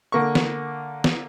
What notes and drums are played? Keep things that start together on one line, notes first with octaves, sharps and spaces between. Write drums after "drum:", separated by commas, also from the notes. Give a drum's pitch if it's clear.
D3 A#3 C#6
drum: snare
drum: snare